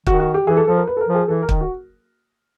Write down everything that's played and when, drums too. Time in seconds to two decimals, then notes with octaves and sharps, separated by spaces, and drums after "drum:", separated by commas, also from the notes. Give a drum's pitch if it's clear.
0.07 D#3 F#4, drum: kick
0.20 F#4
0.34 G4
0.47 E3 G#4
0.57 A4
0.67 F3 A4
0.77 A#4
0.87 B4
0.97 A4
1.01 A#4
1.08 F3
1.15 G#4
1.28 E3 A4
1.42 A#4
1.49 D#3, drum: kick
1.61 F#4